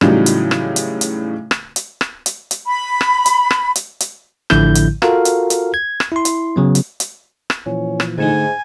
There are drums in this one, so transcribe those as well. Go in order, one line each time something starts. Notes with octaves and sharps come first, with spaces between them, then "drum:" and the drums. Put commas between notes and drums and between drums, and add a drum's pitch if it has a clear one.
A2 C#3 E3 F#3 G3 D#4, drum: rim click
drum: hi-hat
drum: rim click
drum: hi-hat
drum: hi-hat
drum: rim click
drum: hi-hat
drum: rim click
drum: hi-hat
drum: hi-hat
B5
drum: rim click
drum: hi-hat
drum: rim click
drum: hi-hat
drum: hi-hat
A1 A2 D3 F3 E4 G6, drum: rim click
drum: hi-hat
F4 F#4 A4 A#4 F5, drum: rim click
drum: hi-hat
drum: hi-hat
G#6
drum: rim click
E4 C6
drum: hi-hat
C#3 F#3 B3
drum: hi-hat
drum: hi-hat
drum: rim click
A#2 E3 F3 C#4
drum: rim click
G#2 D3 A3 D#4 G#5